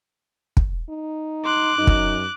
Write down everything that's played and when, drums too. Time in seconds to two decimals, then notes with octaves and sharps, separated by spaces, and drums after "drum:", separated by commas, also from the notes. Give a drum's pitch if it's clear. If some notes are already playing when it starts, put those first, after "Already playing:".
0.57 drum: kick
0.89 D#4
1.45 C6 D6 F#6
1.78 F#2 D#4
1.87 drum: kick